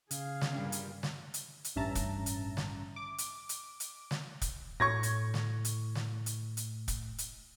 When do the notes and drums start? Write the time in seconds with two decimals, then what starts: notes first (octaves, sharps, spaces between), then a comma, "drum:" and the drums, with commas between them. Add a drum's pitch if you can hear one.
0.11 C#3 G#4 F5, drum: hi-hat
0.41 drum: snare
0.53 G2 A#2 G3 C#4 D4 G5
0.72 drum: hi-hat
1.03 drum: snare
1.34 drum: hi-hat
1.65 drum: hi-hat
1.76 A1 G2 C#4 E5 A5 A#5
1.95 drum: kick, hi-hat
2.26 drum: hi-hat
2.57 drum: snare
2.96 D6
3.18 drum: hi-hat
3.49 drum: hi-hat
3.80 drum: hi-hat
4.11 drum: snare
4.41 drum: kick, hi-hat
4.80 A2 C#6 G#6 A#6
5.03 drum: hi-hat
5.34 drum: snare
5.65 drum: hi-hat
5.95 drum: snare
6.26 drum: hi-hat
6.57 drum: hi-hat
6.88 drum: kick, hi-hat
7.18 drum: hi-hat